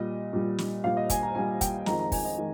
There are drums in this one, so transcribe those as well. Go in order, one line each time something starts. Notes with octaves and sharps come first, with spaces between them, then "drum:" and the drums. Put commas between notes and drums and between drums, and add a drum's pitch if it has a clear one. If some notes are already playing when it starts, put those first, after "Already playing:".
Already playing: A#2 G3 D#5
A#2 G3
drum: snare
A#2 G3 F5
D#5
G#5, drum: kick, hi-hat
A#5
A#2 G3 G#5
G5, drum: kick, hi-hat
F2 D#3 G#3 A#5, drum: snare
A#5
G#5, drum: kick, open hi-hat
D#5
D#3 G#3